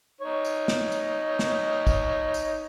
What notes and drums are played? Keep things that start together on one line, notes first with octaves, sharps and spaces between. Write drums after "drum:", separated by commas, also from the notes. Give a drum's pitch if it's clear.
D#4 C#5
drum: tambourine
drum: snare
drum: tambourine
drum: snare
drum: kick, tambourine
drum: tambourine